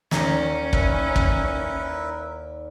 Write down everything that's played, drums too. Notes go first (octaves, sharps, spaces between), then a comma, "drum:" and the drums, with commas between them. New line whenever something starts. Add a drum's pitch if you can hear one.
D#2 C#4 D#4 D5 A#5 G#6, drum: snare
E4 A#4 B4, drum: kick
drum: kick